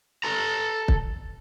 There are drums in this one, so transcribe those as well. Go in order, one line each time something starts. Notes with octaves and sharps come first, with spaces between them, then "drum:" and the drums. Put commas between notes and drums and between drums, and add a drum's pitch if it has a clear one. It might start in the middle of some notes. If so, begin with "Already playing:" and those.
A4 A#5
drum: kick